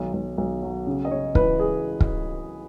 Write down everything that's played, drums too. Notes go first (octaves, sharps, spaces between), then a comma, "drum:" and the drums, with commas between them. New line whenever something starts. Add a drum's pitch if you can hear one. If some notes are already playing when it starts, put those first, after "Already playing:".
Already playing: B1 D#3
B1
B1
F#3
C#3
D#5
C#3 C#5
E3 B4, drum: kick
G#4
drum: kick